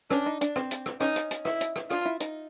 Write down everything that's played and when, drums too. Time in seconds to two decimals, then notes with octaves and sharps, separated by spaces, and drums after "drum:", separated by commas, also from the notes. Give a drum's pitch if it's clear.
0.11 C#4 D4, drum: rim click
0.26 D#4
0.41 D4, drum: hi-hat
0.56 C4, drum: rim click
0.71 drum: hi-hat
0.86 drum: rim click
1.01 C#4 D#4, drum: rim click
1.16 drum: hi-hat
1.31 drum: hi-hat
1.45 E4, drum: rim click
1.61 drum: hi-hat
1.76 drum: rim click
1.91 D4 F4, drum: rim click
2.05 E4
2.20 D#4, drum: hi-hat